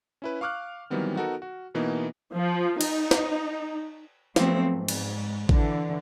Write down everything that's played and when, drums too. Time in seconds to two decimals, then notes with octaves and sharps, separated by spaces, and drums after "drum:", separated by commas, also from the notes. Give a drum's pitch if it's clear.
0.22 C#4 E4 B4
0.41 F5 C#6 D6 F6 F#6
0.90 D#3 E3 F#3 G3 B3 C4
1.15 B3 D#4 F#4 A4 A#4
1.42 F#4
1.75 B2 E3 A#3 B3 D#4
2.34 F3
2.81 D#4, drum: cymbal
3.11 drum: snare
4.36 F3 F#3 A3 B3 C4, drum: snare
4.73 G#2
4.88 drum: cymbal
5.49 D3 E3, drum: kick